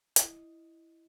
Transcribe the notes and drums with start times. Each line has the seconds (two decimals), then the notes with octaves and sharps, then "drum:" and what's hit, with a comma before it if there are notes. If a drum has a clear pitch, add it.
0.16 E4 D#5, drum: hi-hat